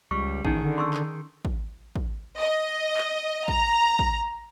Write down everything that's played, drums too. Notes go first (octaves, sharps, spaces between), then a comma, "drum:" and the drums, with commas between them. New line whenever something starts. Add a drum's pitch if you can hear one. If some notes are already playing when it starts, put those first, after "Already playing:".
C#2 G3 C#6
A1 D#3 C#4 D#4 G#4, drum: kick
D3
C6 C#6 E6
drum: clap
drum: kick
drum: kick
D#5
drum: clap
A#5, drum: kick
drum: kick